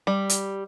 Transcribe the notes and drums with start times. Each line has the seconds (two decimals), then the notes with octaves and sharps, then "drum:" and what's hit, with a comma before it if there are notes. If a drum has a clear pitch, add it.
0.07 G3
0.30 drum: hi-hat